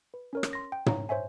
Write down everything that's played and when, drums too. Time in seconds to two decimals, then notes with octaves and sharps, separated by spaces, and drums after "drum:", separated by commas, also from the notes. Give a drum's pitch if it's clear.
0.14 B4
0.33 C#4 A#4 C#5
0.43 drum: rim click
0.53 C6 A#6
0.72 G5
0.86 C#5 A#5, drum: tom
1.09 C5 C#5 E5 G#5